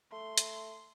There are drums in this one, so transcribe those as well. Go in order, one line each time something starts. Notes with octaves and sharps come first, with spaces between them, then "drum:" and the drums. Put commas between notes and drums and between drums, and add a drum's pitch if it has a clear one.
A3 C6
drum: hi-hat